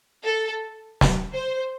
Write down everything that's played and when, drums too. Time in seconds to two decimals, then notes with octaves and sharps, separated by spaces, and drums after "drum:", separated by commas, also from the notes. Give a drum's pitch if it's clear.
0.23 A4
1.01 drum: snare
1.33 C5